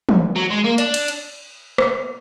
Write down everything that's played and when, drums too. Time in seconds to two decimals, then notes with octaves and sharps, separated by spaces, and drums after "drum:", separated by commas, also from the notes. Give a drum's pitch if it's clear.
0.09 drum: tom
0.36 F#3
0.50 G#3
0.64 A#3
0.78 D4, drum: hi-hat
0.94 drum: cymbal
1.08 drum: hi-hat
1.78 drum: rim click